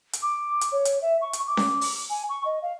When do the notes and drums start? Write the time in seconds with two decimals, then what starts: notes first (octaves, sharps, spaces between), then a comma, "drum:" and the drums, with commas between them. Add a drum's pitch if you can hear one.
0.13 drum: hi-hat
0.22 D6
0.61 drum: hi-hat
0.72 C#5
0.85 drum: hi-hat
1.02 E5
1.21 C#6
1.33 drum: hi-hat
1.47 D6
1.57 drum: snare C#4
1.81 drum: open hi-hat
2.10 G#5
2.29 C#6
2.45 D#5
2.62 F5